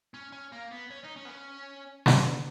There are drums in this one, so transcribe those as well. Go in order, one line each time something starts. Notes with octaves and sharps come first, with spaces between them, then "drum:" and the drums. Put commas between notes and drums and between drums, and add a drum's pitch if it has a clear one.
C#4
C#4
A#3
B3
C#4
D#4
C#4
B3
C#4
drum: snare